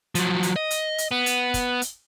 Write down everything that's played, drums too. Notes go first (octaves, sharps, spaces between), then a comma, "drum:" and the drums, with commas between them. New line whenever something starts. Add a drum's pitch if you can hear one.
F3 F#3, drum: hi-hat
drum: hi-hat
D#5
drum: hi-hat
drum: hi-hat
B3
drum: hi-hat
drum: kick, hi-hat
drum: hi-hat